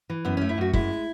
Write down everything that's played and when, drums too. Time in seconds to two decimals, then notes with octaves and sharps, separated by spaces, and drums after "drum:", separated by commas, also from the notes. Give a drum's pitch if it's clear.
0.10 E3
0.25 F#2 B3
0.37 A3 C#4
0.49 E4
0.58 F#2 F#4
0.73 G#3 E4, drum: kick